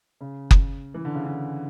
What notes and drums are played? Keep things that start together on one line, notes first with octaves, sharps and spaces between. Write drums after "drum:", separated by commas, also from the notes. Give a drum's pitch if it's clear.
C#3
drum: kick F#1
E3
D3
C#3
D3